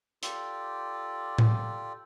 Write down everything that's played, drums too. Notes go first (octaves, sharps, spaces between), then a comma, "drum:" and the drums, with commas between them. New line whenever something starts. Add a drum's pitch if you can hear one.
F4 G4 A4 D5, drum: hi-hat
drum: tom A2